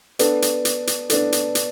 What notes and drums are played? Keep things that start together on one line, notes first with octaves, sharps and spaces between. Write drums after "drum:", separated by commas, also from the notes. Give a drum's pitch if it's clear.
B3 D4 A4, drum: hi-hat
drum: hi-hat
drum: hi-hat
drum: hi-hat
B3 D4 A4, drum: hi-hat
drum: hi-hat
drum: hi-hat